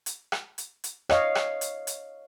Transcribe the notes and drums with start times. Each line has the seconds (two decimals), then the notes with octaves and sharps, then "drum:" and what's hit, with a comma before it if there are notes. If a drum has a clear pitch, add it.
0.06 drum: hi-hat
0.32 drum: rim click
0.58 drum: hi-hat
0.84 drum: hi-hat
1.09 C#5 D#5 F5, drum: rim click
1.35 drum: rim click
1.61 drum: hi-hat
1.87 drum: hi-hat